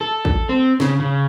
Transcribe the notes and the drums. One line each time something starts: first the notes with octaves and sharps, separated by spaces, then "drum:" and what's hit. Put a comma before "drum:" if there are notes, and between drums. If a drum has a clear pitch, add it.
A4
drum: kick A1
C4
C#3, drum: snare
C#3